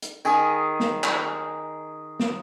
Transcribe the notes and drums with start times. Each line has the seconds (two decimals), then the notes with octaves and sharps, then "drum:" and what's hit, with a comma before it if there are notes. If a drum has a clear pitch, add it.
0.02 drum: hi-hat
0.25 D#3 G#4, drum: tambourine
0.80 drum: snare
1.04 drum: clap
2.20 drum: snare